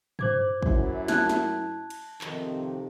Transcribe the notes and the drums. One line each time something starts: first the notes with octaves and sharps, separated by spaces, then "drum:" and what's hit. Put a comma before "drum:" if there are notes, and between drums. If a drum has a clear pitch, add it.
C5 D6 G#6, drum: tom G2
F#2 E4, drum: kick
A5 F#6 G#6, drum: snare
drum: snare
drum: cymbal
F2 C3 D#3, drum: clap